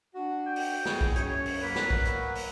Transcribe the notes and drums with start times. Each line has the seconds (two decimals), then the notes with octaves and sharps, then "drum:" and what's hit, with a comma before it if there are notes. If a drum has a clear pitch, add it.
0.14 D4 F#4
0.46 G5
0.56 drum: open hi-hat
0.86 E4 F#4 G#4, drum: snare
1.01 drum: kick B1
1.16 F#2 C#5, drum: hi-hat
1.46 drum: open hi-hat
1.62 F#3 A#3 B4
1.76 drum: snare
1.90 drum: kick B1
2.05 drum: hi-hat
2.35 drum: open hi-hat